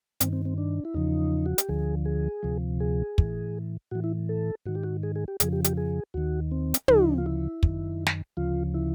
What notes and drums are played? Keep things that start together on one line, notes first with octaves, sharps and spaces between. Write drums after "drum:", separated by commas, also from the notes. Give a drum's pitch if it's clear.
G2 D#3 C4, drum: hi-hat
C4
C4
D4
E4
E2 C#3 F3 D#4
F#4
G4, drum: hi-hat
D2 D3 F3 G#4
G#4
D2 C3 F3
G#4
A2 E3, drum: kick
A2 E3 F#4
E4
A4
G#2 D#3 F#4
G4
F#4
G#4
G#4
G4
F2 C#3 F3 G#4, drum: hi-hat
G4
G4, drum: hi-hat
G#4
D#2 D#3 F#4
C4
drum: hi-hat
D2 C#3 F3 D#4, drum: tom
F4
E4
F#2 D#3, drum: kick
drum: snare
D2 C#3 F3 F4
E4